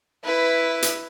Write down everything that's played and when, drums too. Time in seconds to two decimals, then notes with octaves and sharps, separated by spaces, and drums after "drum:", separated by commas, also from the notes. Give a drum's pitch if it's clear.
0.24 E4 B4
0.82 drum: hi-hat